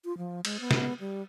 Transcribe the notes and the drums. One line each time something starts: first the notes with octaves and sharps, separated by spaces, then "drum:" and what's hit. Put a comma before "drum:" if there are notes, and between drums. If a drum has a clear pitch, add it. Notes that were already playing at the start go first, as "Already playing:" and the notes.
F4
F3
G#3, drum: cymbal
B3
drum: snare
G3